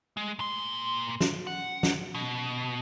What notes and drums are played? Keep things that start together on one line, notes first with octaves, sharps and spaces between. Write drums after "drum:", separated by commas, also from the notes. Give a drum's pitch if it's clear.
G#3
A#2 C6
drum: snare
F#5
drum: snare
B2